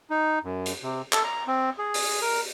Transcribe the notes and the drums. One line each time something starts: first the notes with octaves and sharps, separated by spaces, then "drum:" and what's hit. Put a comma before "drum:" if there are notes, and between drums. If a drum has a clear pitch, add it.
D#4
F#2
drum: hi-hat
C3
A4, drum: clap
A#5
C4
G#4
drum: open hi-hat
A#4